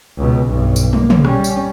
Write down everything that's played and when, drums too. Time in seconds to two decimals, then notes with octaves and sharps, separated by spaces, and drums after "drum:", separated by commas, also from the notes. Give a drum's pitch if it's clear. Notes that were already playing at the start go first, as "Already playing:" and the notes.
0.18 C#2 B2
0.49 B1 G2
0.76 drum: tambourine
0.93 A#3, drum: tom
1.10 drum: tom
1.25 G3 C#4, drum: rim click
1.44 drum: tambourine